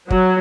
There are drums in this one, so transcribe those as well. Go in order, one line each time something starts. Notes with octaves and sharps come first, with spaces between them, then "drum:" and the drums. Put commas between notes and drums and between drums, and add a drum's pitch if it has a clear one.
F#3, drum: kick